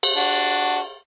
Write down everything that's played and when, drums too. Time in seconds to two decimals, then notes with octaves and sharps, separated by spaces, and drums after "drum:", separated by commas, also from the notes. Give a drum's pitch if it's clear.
0.03 drum: cymbal
0.15 D4 F#4